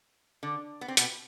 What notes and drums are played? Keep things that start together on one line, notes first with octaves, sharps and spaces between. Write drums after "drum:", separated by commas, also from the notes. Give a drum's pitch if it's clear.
D3
B3
C4
B2 B3, drum: hi-hat